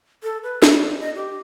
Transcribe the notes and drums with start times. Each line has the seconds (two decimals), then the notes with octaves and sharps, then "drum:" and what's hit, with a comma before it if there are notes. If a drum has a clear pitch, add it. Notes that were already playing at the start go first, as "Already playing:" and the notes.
0.23 A4
0.43 B4
0.62 E4, drum: snare
0.75 D5
1.00 D#5
1.16 G4